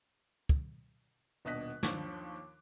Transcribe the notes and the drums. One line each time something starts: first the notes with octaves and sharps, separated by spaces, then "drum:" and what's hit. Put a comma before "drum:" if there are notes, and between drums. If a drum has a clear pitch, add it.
drum: kick
D#1 B2 D4 D#5 F#6 B6
D#2 F3 D4 C#6 D6, drum: snare